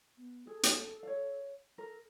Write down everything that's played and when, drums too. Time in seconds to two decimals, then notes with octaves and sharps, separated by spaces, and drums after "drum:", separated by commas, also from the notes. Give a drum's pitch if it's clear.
0.17 B3
0.47 G#4 A4
0.63 drum: hi-hat
1.03 C#5 F5
1.78 A4 A#4